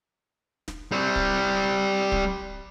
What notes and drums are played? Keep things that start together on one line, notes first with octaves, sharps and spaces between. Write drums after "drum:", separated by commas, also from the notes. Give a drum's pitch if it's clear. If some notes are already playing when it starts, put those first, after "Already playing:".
drum: snare
G3 C4
drum: kick
drum: kick